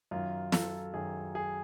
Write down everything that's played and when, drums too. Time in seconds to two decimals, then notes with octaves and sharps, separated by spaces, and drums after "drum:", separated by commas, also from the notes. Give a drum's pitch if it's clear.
0.11 F#2 D#3 F4
0.52 A4, drum: snare
0.94 F#2 D#3 G#4
1.35 G#4